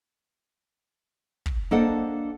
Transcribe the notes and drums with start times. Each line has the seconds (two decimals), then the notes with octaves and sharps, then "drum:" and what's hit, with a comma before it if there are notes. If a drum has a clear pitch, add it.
1.46 drum: kick
1.71 A#3 D4 A4 C5 D#5 F#5